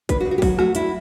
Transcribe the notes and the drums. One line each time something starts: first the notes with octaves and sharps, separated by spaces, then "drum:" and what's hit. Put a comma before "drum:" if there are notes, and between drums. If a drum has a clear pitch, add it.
D4 B4, drum: kick, hi-hat
F#4
C#3
F#4
G4
F#3 F#4, drum: kick, open hi-hat
A3 F#4, drum: rim click
D4 E4, drum: hi-hat